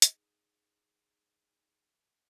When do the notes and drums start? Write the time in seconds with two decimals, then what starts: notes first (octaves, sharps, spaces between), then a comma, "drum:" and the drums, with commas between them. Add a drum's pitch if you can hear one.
0.02 D#4 G#4, drum: hi-hat